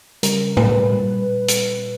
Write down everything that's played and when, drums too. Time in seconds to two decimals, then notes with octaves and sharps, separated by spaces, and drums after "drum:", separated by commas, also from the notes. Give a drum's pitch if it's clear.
0.23 C#3 G3 A#4, drum: hi-hat
0.57 B4, drum: tom A2
0.92 A#2 G3
1.48 drum: hi-hat